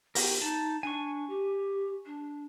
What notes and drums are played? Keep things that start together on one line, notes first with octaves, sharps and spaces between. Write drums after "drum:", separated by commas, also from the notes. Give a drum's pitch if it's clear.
B3 G4 A#4, drum: open hi-hat
D#4 A5
D4 G#5 C#6
G4
D4